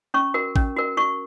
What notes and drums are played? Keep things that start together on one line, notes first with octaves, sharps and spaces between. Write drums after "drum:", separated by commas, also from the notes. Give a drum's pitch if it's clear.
C#4 C#6
F#4 A#4
C#4, drum: kick A1
F#4 A#4
F#4 C#6